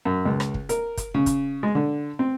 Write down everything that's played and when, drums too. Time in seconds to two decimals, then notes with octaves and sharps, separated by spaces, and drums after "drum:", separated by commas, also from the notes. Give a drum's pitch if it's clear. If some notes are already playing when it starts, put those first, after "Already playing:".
0.05 F#2
0.25 C#2
0.40 drum: rim click
0.54 drum: kick
0.69 A#4, drum: hi-hat
0.97 drum: kick, hi-hat
1.14 C#3
1.26 drum: kick, hi-hat
1.63 G#3
1.75 D3
2.19 C4